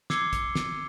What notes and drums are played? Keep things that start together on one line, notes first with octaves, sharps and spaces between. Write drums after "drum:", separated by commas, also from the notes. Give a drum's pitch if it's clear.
D6 E6 G#6 C7 C#7 G7, drum: snare
drum: kick, hi-hat
drum: snare